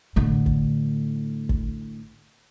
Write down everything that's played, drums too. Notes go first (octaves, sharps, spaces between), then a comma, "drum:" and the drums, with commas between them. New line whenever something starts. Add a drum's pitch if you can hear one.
A2 D3, drum: kick
drum: kick
drum: kick